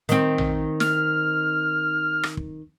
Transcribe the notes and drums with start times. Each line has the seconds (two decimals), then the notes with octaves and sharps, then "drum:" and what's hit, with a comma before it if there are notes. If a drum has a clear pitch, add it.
0.09 D#3 C4, drum: hi-hat
0.38 drum: tom A#1
0.80 F6, drum: snare
2.23 drum: rim click
2.37 drum: kick